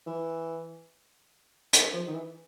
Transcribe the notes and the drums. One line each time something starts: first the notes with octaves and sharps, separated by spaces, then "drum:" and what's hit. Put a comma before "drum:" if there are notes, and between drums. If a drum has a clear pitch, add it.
E3
drum: hi-hat
F3
D#3
E3